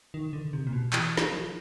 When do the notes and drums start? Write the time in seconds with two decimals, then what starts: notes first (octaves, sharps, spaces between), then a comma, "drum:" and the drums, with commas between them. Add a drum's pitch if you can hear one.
0.14 D#3
0.33 D3
0.53 C3
0.67 A#2
0.73 B2
0.93 E3, drum: clap
1.17 drum: snare
1.33 F3